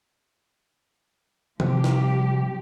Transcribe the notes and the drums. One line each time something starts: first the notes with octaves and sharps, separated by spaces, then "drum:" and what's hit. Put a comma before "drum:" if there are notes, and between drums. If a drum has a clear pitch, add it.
C3 F3 G3 G4, drum: tom
drum: snare